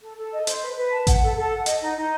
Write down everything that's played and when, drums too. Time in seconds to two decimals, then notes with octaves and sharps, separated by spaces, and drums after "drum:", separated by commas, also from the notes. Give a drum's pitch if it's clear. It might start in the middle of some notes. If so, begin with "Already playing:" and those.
0.02 A4
0.17 A4
0.32 D#5
0.47 C5, drum: hi-hat
0.62 B4
0.76 B4
0.92 A5
1.07 F#5, drum: kick A1, hi-hat
1.21 A4
1.37 A4
1.51 F#5
1.66 D#5, drum: hi-hat
1.81 D#4
1.97 D#4